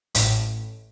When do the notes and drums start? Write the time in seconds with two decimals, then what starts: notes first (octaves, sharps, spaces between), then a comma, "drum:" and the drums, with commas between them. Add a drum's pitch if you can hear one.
0.15 A1 A2, drum: hi-hat